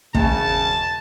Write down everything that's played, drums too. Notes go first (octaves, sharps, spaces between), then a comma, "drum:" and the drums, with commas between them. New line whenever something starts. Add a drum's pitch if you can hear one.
E1 C#3 A5, drum: kick